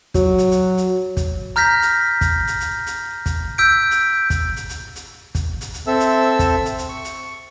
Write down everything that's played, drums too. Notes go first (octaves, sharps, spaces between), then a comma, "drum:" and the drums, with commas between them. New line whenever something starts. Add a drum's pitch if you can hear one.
F#3, drum: kick, hi-hat
drum: hi-hat
drum: hi-hat
drum: hi-hat
drum: kick, hi-hat
A#5 F6 G6 A#6 B6, drum: hi-hat
drum: hi-hat
drum: kick, hi-hat
drum: hi-hat
drum: hi-hat
drum: hi-hat
drum: kick, hi-hat
E6 G6 B6 D7
drum: hi-hat
drum: kick, hi-hat
drum: hi-hat
drum: hi-hat
drum: hi-hat
drum: kick, hi-hat
drum: hi-hat
drum: hi-hat
C4 A4 E5 E6
drum: hi-hat
drum: kick, hi-hat
drum: hi-hat
drum: hi-hat
C#6
drum: hi-hat